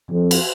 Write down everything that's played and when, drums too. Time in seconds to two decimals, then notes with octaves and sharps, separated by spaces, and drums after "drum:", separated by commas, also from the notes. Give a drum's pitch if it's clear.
0.11 F2
0.31 drum: cymbal